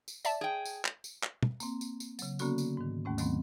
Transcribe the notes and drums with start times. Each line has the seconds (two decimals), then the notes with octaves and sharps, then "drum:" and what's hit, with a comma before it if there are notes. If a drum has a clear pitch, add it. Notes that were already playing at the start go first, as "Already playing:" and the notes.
0.08 drum: tambourine
0.25 D5 E5 A5, drum: tambourine
0.41 G#4 G5
0.66 drum: tambourine
0.85 drum: clap
1.04 drum: tambourine
1.23 drum: clap
1.43 drum: tom
1.60 A#3 C4, drum: tambourine
1.81 drum: tambourine
2.00 drum: tambourine
2.19 C#3 F#3, drum: tambourine
2.39 D3 A#3 B3 C#4 F#4 A4, drum: tambourine
2.58 drum: tambourine
2.77 G#2 D#3
3.05 D#2 G#2 A3 C#4
3.18 D#3 F#3 A3 B3 C4, drum: tambourine